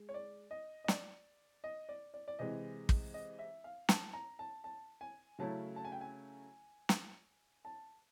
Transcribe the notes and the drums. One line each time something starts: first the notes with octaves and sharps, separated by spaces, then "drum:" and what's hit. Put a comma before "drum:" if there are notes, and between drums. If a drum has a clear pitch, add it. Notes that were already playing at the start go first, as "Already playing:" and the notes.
Already playing: G#3
C#5
D5
D#5
D#5
D5, drum: snare
D#5
D5
D5
D5
C3 E3 G#3 D#5
drum: kick
D#5
E5
F5
A5, drum: snare
A#5
A5
A5
G#5
C#3 F#3 A3 C#4 E4 A5
A5
G#5
G5
G#5
drum: snare
A5